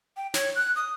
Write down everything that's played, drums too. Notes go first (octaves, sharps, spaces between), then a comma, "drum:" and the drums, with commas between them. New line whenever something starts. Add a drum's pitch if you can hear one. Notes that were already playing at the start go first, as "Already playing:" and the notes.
G5
C#5, drum: snare
F#6
D#6